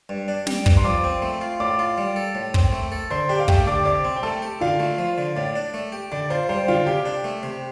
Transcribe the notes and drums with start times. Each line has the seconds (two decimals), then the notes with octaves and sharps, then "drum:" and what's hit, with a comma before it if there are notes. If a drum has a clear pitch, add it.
0.09 G2
0.28 D4
0.47 G3, drum: snare
0.66 G2, drum: kick
0.77 C6
0.84 F3 D5 D6
1.04 C4
1.22 A3
1.41 F4
1.60 A2 D5 D6
1.79 F4
1.98 G3
2.16 A4
2.35 A2
2.54 C4, drum: kick
2.72 A3
2.92 A4
3.10 D3 C5 C6
3.29 D4 G4 G5
3.40 F5
3.48 A3 G4 G5, drum: kick
3.67 D3 D5 D6
3.86 C3 D5 D6
4.05 C4
4.16 G5
4.23 A3 A4 A5
4.42 G4
4.61 D3 F4 F5
4.80 A3
4.98 F3
5.18 D3
5.36 A2 D5
5.56 D4
5.74 A3
5.92 G4
6.12 D3 D5
6.30 F4 C5
6.49 G3 C5
6.68 D3 F4 F5
6.86 C3 G4 G5
7.06 D4
7.24 A3
7.43 C3